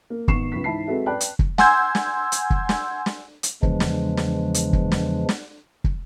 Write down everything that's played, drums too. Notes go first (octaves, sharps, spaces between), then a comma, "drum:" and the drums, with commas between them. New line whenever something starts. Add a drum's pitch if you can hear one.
A#3
G#1 B3 C#6 C7 E7, drum: kick
C#2 B4 B6
G#2 E3 E5 A5 B5 C7
G#3 C4 F#4 A4 B4 E5
B4 D5 G5 A5 B5 F#6
drum: hi-hat
drum: kick
F#5 G#5 C6 E6 G6 G#6, drum: snare
drum: snare
drum: hi-hat
drum: kick
drum: snare
drum: snare
drum: hi-hat
E2 C#3 E3 F3 G#3 D4, drum: kick
drum: snare
drum: snare
drum: hi-hat
drum: kick
drum: snare
drum: snare
drum: kick